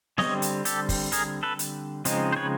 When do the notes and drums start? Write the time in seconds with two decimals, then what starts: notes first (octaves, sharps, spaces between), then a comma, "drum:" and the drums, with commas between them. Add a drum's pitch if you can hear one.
0.18 D3 G3 C4 C#5 D#5, drum: snare B3
0.42 drum: hi-hat
0.65 G4 A4, drum: hi-hat
0.89 drum: kick, open hi-hat
1.12 G#4 A#4, drum: hi-hat
1.43 A4 B4
1.59 drum: hi-hat
2.05 C#3 F3 G#3 C4 D#4, drum: hi-hat
2.33 C5
2.36 B4 C#5